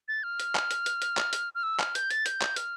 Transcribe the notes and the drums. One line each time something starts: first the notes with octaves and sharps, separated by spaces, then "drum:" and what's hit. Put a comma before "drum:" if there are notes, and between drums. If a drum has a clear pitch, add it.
A6
F6
drum: hi-hat
drum: clap
drum: hi-hat
drum: hi-hat
drum: hi-hat
drum: clap
drum: hi-hat
F6
E6
F6, drum: clap
G6, drum: hi-hat
A6, drum: hi-hat
G6, drum: hi-hat
drum: clap
F6, drum: hi-hat